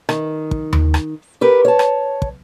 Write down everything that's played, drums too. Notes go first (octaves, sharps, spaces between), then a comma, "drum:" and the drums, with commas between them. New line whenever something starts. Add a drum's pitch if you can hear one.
D#3, drum: rim click
drum: kick
drum: tom D#2
drum: rim click
G4 A#4 B4
C#5 A5
drum: rim click
drum: kick